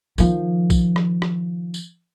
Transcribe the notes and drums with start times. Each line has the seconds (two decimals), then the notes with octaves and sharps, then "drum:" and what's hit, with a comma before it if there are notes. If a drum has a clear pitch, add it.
0.18 D#3 F3, drum: tambourine
0.70 drum: kick, tambourine
0.96 drum: rim click
1.22 drum: rim click
1.74 drum: tambourine